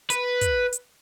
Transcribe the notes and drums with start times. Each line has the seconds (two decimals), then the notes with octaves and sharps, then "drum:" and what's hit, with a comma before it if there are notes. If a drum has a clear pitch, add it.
0.10 B4, drum: hi-hat
0.41 drum: kick, hi-hat
0.73 drum: hi-hat